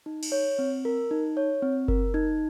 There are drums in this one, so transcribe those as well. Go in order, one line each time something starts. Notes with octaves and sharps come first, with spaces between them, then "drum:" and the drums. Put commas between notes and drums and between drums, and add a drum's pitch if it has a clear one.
D#4
drum: cymbal
C#5
C4
A#4
D#4
C#5
C4
A#4, drum: kick F#1
D#4